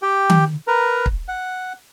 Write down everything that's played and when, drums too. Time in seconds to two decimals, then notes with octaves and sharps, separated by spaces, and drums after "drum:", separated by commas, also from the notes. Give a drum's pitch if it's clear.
0.02 G4 G5
0.30 drum: tom D#3
0.68 A#4 B4 A#5
1.06 drum: kick
1.29 F#5